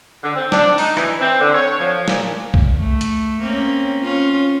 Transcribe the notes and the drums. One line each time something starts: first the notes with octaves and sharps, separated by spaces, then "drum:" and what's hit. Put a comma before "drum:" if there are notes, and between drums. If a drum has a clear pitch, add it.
D3
C4
D4, drum: snare
D#4, drum: open hi-hat
E3, drum: rim click
C4
D3
C#5
F3
A#2, drum: snare
drum: kick B1
A3
drum: hi-hat
A#3 C4 C#4
C#4 F4